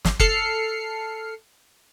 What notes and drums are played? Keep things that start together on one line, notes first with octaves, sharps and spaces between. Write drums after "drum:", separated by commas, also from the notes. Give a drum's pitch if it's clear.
drum: snare
A4 F6 C7 C#7, drum: kick F#1